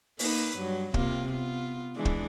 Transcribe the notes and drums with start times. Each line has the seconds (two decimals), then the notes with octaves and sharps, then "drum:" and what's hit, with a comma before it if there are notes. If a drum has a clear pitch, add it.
0.19 A#3 D#4 B4, drum: open hi-hat
0.57 G2 F#3
0.94 C3 A#3 F4, drum: kick
1.32 B3 F4
1.96 E3 G#3 D4
2.05 drum: kick